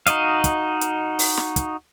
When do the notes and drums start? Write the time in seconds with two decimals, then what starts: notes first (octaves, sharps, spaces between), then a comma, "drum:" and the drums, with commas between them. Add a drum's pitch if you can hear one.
0.07 D#4 F#4 D#5 F5, drum: hi-hat
0.44 drum: kick, hi-hat
0.81 drum: hi-hat
1.19 drum: open hi-hat
1.37 drum: snare
1.56 drum: kick, hi-hat